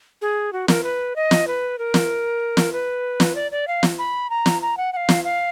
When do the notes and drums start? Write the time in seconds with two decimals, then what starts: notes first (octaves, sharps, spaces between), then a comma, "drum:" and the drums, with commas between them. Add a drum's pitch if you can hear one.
0.21 G#4
0.53 F#4
0.68 A#4, drum: snare
0.83 B4
1.16 D#5
1.31 drum: snare
1.47 B4
1.78 A#4
1.94 drum: snare
2.57 drum: snare
2.72 B4
3.20 drum: snare
3.35 D5
3.51 D5
3.67 F5
3.83 drum: snare
3.99 B5
4.30 A#5
4.46 drum: snare
4.62 A#5
4.77 F#5
4.93 F#5
4.96 F5
5.09 drum: snare
5.24 F5